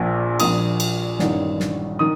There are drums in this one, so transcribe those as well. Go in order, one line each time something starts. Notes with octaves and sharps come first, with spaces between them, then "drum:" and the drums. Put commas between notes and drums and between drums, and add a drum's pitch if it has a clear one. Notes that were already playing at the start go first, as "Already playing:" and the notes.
Already playing: A#1 A#2 F3
A#1 A#2 F3 D#6, drum: cymbal
drum: cymbal
A1 G2 D#3, drum: snare
drum: snare
D#3 D#6